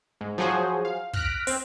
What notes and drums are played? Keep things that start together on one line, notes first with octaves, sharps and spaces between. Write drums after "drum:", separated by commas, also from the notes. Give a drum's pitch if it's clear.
G#2
F3 F#3 F#4 G#4 C5
F5
F6 F#6 A#6 B6 D7, drum: kick
C4, drum: open hi-hat